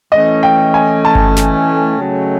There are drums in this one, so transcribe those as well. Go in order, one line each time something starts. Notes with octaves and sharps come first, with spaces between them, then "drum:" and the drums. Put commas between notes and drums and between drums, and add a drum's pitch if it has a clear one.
E3 A3 C#4 D#5
G5
G#5
A5
drum: kick G1
drum: snare
C#3 F#3 A3 C#4